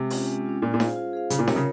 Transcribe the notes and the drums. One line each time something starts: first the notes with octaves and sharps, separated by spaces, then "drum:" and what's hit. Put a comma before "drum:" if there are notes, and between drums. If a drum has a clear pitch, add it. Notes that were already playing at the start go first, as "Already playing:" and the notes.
Already playing: C3 G#3
C#4 F4, drum: open hi-hat
G#3
C#4 F4
A#2 F4
A#2
G#4 C5 F5, drum: snare D#4
F4
G#4 C5 F5
C#3 F4, drum: hi-hat
A#2
C3 A#4 C#5, drum: snare D#4
C#3